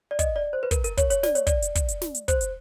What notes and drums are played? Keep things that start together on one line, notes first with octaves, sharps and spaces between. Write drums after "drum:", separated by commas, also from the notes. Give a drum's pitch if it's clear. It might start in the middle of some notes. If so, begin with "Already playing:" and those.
D5
D#5, drum: kick, hi-hat
D5
C5
B4
A#4, drum: kick, hi-hat
A#4, drum: hi-hat
C#5, drum: kick, hi-hat
C#5, drum: hi-hat
D5, drum: snare
C#5, drum: hi-hat
D5, drum: kick, hi-hat
drum: hi-hat
drum: kick, hi-hat
drum: hi-hat
drum: snare
drum: hi-hat
C5, drum: kick, hi-hat
drum: hi-hat